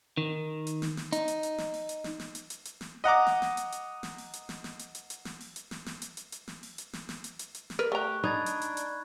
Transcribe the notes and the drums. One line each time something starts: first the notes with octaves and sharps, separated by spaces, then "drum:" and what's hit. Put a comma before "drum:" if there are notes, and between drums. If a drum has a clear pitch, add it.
D#3
drum: hi-hat
drum: snare
drum: snare
D#4, drum: hi-hat
drum: hi-hat
drum: hi-hat
drum: snare
drum: open hi-hat
drum: hi-hat
drum: snare
drum: snare
drum: hi-hat
drum: hi-hat
drum: hi-hat
drum: snare
D#5 F#5 A#5 D6
drum: snare
drum: snare
drum: hi-hat
drum: hi-hat
drum: snare
drum: open hi-hat
drum: hi-hat
drum: snare
drum: snare
drum: hi-hat
drum: hi-hat
drum: hi-hat
drum: snare
drum: open hi-hat
drum: hi-hat
drum: snare
drum: snare
drum: hi-hat
drum: hi-hat
drum: hi-hat
drum: snare
drum: open hi-hat
drum: hi-hat
drum: snare
drum: snare
drum: hi-hat
drum: hi-hat
drum: hi-hat
drum: snare
A#4 B4
A3 G4 A#5 C#6 F#6
D4 D#4 B5 G#6 A6
drum: hi-hat
drum: hi-hat
drum: hi-hat